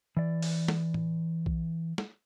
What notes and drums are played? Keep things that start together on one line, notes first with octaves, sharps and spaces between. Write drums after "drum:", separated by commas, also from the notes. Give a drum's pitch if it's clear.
E3 D5
drum: open hi-hat
drum: snare
drum: tom A2
drum: kick B1
drum: snare